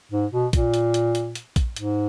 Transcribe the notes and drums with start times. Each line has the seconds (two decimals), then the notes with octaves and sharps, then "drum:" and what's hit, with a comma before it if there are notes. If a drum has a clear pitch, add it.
0.12 G#2
0.33 B2
0.53 A#2, drum: kick A#1, hi-hat
0.74 drum: hi-hat
0.94 drum: hi-hat
1.15 drum: hi-hat
1.35 drum: hi-hat
1.56 drum: kick A#1, hi-hat
1.76 G#2, drum: hi-hat